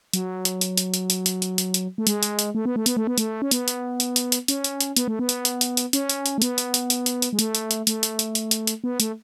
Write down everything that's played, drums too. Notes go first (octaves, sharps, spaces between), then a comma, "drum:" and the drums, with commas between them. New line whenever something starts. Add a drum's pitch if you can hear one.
F#3, drum: hi-hat
drum: hi-hat
drum: hi-hat
drum: hi-hat
drum: hi-hat
drum: hi-hat
drum: hi-hat
drum: hi-hat
drum: hi-hat
drum: hi-hat
A3
G#3, drum: hi-hat
drum: hi-hat
drum: hi-hat
A3
B3
A3
B3, drum: hi-hat
A3
B3
A3, drum: hi-hat
C#4
B3, drum: hi-hat
drum: hi-hat
drum: hi-hat
drum: hi-hat
drum: hi-hat
C#4, drum: hi-hat
drum: hi-hat
drum: hi-hat
B3, drum: hi-hat
A3
B3
drum: hi-hat
drum: hi-hat
drum: hi-hat
drum: hi-hat
C#4, drum: hi-hat
drum: hi-hat
drum: hi-hat
A3
B3, drum: hi-hat
drum: hi-hat
drum: hi-hat
drum: hi-hat
drum: hi-hat
drum: hi-hat
G#3
A3, drum: hi-hat
drum: hi-hat
drum: hi-hat
A3, drum: hi-hat
drum: hi-hat
drum: hi-hat
drum: hi-hat
drum: hi-hat
drum: hi-hat
B3
A3, drum: hi-hat